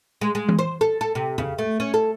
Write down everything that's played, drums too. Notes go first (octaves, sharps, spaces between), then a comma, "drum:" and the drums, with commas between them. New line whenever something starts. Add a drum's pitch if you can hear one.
G#3
G#3
drum: tom E3
C5
A4
A4
C3
C#3, drum: tom E2
A3
C#4
A4